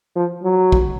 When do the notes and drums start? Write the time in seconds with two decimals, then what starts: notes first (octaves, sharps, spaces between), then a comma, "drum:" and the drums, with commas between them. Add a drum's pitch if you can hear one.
0.16 F3
0.43 F#3
0.72 drum: kick